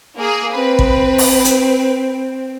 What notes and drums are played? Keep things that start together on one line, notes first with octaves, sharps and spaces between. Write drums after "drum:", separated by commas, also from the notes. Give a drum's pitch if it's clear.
A#3 G#4
C4 B4
drum: kick
drum: open hi-hat
drum: hi-hat